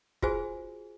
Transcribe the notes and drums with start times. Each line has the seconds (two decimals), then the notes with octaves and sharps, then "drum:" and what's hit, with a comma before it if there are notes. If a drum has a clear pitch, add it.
0.22 F4 F#4 G#4 C5 G#5, drum: kick